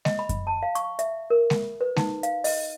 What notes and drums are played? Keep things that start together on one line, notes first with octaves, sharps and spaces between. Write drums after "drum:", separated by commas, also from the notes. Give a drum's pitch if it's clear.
D#5, drum: snare G#3
B5
drum: kick F#2, hi-hat
A5
F5
C#6, drum: hi-hat
E5, drum: hi-hat
A#4
drum: snare G#3
B4
D#4, drum: snare G#3
F5, drum: hi-hat
D#5, drum: open hi-hat